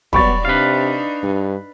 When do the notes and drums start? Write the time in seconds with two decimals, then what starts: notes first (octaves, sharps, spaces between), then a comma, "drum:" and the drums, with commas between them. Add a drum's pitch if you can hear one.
0.13 F#3 G3 B3 D5 B5 C#6 A6, drum: kick
0.45 C3 D4 D#4 B4 F5
1.23 G2